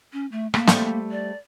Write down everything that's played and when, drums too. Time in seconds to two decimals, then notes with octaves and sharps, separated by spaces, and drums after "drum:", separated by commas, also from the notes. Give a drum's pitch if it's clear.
0.13 C#4
0.32 A3
0.54 A3 A#3, drum: rim click
0.67 G3 A3 C5, drum: snare
1.11 D5